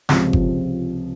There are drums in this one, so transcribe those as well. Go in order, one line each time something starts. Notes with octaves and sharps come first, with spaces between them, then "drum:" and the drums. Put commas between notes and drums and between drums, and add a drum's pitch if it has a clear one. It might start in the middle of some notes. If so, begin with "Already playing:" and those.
C#2 C3 F3, drum: snare
drum: kick G1